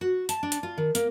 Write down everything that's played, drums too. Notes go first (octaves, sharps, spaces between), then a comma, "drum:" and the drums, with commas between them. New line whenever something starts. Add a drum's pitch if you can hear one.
F#4
A5, drum: hi-hat
D4
drum: hi-hat
F4
D#3
A#3, drum: hi-hat